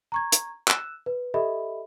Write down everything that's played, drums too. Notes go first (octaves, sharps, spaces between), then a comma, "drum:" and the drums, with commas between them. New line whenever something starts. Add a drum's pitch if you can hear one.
A#5 C#6 G#6
drum: hi-hat
E6 F#6 E7, drum: clap
B4
G4 A4 D#5 E5 B5